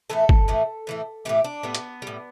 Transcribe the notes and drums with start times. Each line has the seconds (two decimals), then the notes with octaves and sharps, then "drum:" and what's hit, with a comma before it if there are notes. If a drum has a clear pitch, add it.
0.09 A2 E3 A3 A4
0.29 drum: kick
0.48 A2 E3 A3
0.87 A2 E3 A3
1.25 A2 E3 A3 G4
1.44 D4
1.63 A2 G3 B3
1.75 drum: hi-hat
2.02 A2 G3